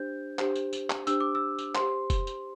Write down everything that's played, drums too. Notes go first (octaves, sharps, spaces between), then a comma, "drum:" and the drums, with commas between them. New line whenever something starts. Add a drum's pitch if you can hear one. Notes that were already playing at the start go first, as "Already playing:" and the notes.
Already playing: D4 G4 C5 G6
D4 G4 C5, drum: clap
drum: tambourine
drum: tambourine
drum: clap
D4 G4 C5 E6, drum: tambourine
D6
E6
drum: tambourine
G4 C5 C6, drum: clap
drum: kick F1, tambourine
drum: tambourine